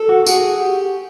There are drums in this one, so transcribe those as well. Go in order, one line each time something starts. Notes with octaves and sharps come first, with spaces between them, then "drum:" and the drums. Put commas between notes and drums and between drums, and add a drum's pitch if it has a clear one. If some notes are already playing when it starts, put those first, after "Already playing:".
Already playing: A4
F#4
F#4 G#4, drum: tambourine
G4